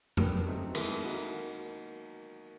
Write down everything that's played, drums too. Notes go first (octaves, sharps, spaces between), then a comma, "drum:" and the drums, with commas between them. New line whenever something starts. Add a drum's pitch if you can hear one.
B3 D4 G4 B4, drum: tom F2
F#3 A3 C4 D#4
D#3 G#3 B3 E4 A4, drum: cymbal
A#3 D#4 F#4